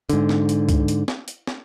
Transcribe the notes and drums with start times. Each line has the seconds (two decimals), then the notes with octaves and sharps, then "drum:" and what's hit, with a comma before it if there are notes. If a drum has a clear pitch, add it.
0.09 G#2 D3, drum: hi-hat
0.29 drum: snare
0.49 drum: hi-hat
0.69 drum: kick C#2, hi-hat
0.88 drum: hi-hat
1.08 drum: snare
1.28 drum: hi-hat
1.47 drum: snare